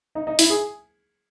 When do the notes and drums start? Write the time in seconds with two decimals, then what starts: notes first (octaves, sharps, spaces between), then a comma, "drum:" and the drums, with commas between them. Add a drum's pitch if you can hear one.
0.15 D#4
0.27 D#4
0.39 E4, drum: open hi-hat
0.50 G#4